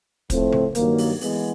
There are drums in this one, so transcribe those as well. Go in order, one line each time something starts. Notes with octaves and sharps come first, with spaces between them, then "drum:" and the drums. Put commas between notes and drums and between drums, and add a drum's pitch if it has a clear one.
A2 F3 A3 C4, drum: kick, hi-hat
drum: tom C#3
G2 D#3 F#3 A#3, drum: hi-hat
drum: open hi-hat
E3 G#3 B3, drum: open hi-hat